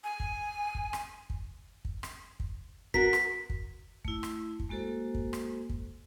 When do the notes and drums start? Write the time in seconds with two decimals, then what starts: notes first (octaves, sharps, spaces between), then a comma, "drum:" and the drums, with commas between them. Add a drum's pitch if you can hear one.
0.04 G#5
0.20 drum: kick
0.75 drum: kick
0.93 drum: rim click
1.30 drum: kick
1.85 drum: kick
2.03 drum: rim click
2.40 drum: kick
2.94 F#4 A#4 B6, drum: kick
3.13 drum: rim click
3.50 drum: kick
4.05 A3 E4, drum: kick
4.23 drum: rim click
4.60 drum: kick
4.69 G#3 A#3 F#4 A4 C5
5.15 drum: kick
5.33 drum: rim click
5.69 drum: kick